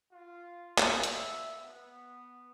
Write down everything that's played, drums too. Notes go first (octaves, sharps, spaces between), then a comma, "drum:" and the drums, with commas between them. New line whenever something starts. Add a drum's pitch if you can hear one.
F4
drum: clap
E5, drum: hi-hat
B3